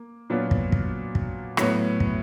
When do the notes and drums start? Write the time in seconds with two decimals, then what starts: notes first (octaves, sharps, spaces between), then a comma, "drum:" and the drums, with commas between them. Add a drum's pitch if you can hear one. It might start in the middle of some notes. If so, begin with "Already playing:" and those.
Already playing: A#3
0.30 A#2 F#3 B3 D4 F4
0.51 drum: kick
0.72 drum: kick
1.15 drum: kick
1.57 A2 F#3 B3, drum: rim click
2.00 drum: kick